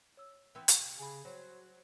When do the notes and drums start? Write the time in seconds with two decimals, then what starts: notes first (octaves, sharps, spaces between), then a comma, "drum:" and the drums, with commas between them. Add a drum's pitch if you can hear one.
0.17 C#5 E6
0.55 E3 B3 C4
0.68 C3, drum: hi-hat
0.99 C#3 G#5 B5
1.25 F#3 C5